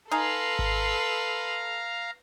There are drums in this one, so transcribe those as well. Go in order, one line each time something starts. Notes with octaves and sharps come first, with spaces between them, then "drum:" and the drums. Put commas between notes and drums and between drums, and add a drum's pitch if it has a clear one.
D#4 A4 B4 F5 G#5 A#5 C6
drum: kick G#1